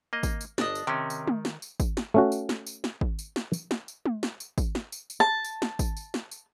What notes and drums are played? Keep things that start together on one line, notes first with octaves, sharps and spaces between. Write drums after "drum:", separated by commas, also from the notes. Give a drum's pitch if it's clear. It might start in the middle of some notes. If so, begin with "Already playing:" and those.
A#3 D#5
drum: kick, tambourine
drum: tambourine
G1 D4 D#5, drum: snare
drum: tambourine
C3 D#3 C#4
drum: tambourine
drum: tom G#3
drum: snare
drum: tambourine
drum: kick, tambourine
drum: snare
A3 C#4 F#4
drum: tambourine
drum: snare
drum: tambourine
drum: snare
drum: kick
drum: tambourine
drum: snare
drum: tambourine
drum: snare
drum: tambourine
drum: tom G#3
drum: snare
drum: tambourine
drum: kick, tambourine
drum: snare
drum: tambourine
drum: tambourine
A5
drum: tambourine
drum: snare
drum: kick, tambourine
drum: tambourine
drum: snare
drum: tambourine